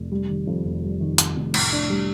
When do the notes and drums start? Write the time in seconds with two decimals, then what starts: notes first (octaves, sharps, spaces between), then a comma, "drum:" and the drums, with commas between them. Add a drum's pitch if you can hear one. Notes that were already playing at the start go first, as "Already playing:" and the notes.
Already playing: F1
0.12 G3
0.29 D#3
0.47 F2
0.65 F1
0.83 G3
1.00 D#3
1.18 F2, drum: hi-hat
1.37 F1
1.54 A2, drum: cymbal
1.72 D4
1.90 G3